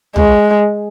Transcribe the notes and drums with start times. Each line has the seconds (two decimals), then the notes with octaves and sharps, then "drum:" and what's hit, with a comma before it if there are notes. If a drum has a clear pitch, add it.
0.16 G#3, drum: tom B1